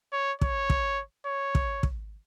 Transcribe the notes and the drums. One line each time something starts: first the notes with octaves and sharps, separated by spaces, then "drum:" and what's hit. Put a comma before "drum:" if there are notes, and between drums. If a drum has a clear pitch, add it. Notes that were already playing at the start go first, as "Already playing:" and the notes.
C#5
C#5, drum: kick
drum: kick
C#5
drum: kick
drum: kick